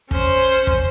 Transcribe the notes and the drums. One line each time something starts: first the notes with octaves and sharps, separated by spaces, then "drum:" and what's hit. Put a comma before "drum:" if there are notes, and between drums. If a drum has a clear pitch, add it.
C#4 C5, drum: kick
drum: kick